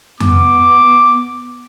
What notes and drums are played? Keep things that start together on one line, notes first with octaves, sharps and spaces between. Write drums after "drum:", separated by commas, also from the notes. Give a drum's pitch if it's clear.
B3 D6, drum: tom F2